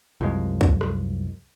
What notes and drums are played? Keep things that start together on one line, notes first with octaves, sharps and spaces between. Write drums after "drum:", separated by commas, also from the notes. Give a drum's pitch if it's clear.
C2 F#2 F3 G#3
drum: kick
drum: rim click